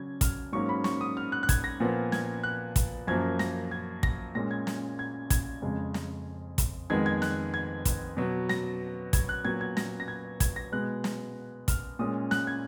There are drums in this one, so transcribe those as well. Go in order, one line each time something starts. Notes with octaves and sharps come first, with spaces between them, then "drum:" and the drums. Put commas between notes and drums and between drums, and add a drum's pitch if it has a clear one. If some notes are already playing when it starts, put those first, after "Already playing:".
Already playing: C#3 F#3 C#4 G#6
F6, drum: kick, hi-hat
G#2 F#3 A#3 C#4 C#6
B5
C#6, drum: snare
D#6
F6
F#6
F#6
G#6, drum: kick, hi-hat
A#6
A#2 F3 B3
G#6, drum: snare
F#6
drum: kick, hi-hat
F#2 F3 A#3 G#6
A#6, drum: snare
G#6
A#6, drum: kick
A#2 G#3 C#4 A#6
G#6
drum: snare
G#6
G#6, drum: kick, hi-hat
F2 C#3 G#3
drum: snare
drum: kick, hi-hat
F2 D#3 G#3 B3 G#6
G#6
F#6, drum: snare
G#6
drum: kick, hi-hat
B2 F#3 B3
A#6, drum: snare
G#6, drum: kick, hi-hat
F#6
A#2 F#3 B3 G#6
G#6
A#6, drum: snare
A#6
G#6
G#6, drum: kick, hi-hat
A#6
B2 G#3 B3 F#6
drum: snare
F6, drum: kick, hi-hat
A#2 G#3 C#4 D#6
F#6, drum: snare
G#6